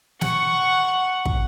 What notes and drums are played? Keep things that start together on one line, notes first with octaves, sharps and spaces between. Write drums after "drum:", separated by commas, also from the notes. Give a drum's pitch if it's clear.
F#5 C#6, drum: snare
drum: kick